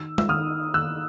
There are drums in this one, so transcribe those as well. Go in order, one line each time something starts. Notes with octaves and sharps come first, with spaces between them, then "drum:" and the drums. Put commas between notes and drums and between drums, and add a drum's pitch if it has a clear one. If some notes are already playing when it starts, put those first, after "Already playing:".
Already playing: D#3 E6
E6, drum: tom G#3
D#3 D#6 F6
D#3 E6 F#6